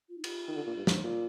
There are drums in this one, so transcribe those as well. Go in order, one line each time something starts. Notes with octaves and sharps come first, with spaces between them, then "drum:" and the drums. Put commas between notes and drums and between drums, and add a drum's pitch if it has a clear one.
F4
D#4
F4, drum: cymbal
D#3
D3
A#2
G2
A2 D#4, drum: snare
A#2 F4